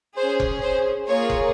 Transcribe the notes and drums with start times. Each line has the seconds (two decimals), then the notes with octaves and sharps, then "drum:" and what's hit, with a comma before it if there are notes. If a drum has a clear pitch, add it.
0.17 C#4 G#4 C5
0.40 drum: kick F1
0.62 C5
1.07 A#3 F4 G#4 C#5
1.30 drum: kick F1